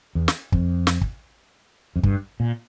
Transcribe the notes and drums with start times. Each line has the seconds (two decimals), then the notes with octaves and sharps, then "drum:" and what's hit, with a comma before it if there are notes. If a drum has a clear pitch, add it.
0.15 E2
0.28 drum: snare
0.52 F2, drum: kick
0.87 drum: snare
1.01 drum: kick
1.96 F2
2.03 G2, drum: kick
2.40 A#2